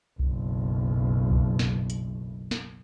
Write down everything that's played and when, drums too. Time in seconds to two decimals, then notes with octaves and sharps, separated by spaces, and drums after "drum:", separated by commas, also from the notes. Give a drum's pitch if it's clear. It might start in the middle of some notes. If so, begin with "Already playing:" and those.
0.19 F#1 B1, drum: kick B1
1.31 drum: kick B1
1.59 drum: snare
1.90 drum: hi-hat
2.51 drum: snare